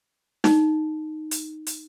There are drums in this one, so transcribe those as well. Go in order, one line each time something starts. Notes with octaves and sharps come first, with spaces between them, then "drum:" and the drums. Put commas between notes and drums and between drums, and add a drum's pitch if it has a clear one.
D#4, drum: snare
drum: hi-hat
drum: hi-hat